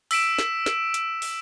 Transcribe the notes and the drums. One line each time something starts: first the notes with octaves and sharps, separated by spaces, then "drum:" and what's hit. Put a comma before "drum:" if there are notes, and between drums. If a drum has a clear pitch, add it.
E6 B6 D7 E7, drum: open hi-hat
drum: snare
drum: snare
drum: hi-hat
drum: open hi-hat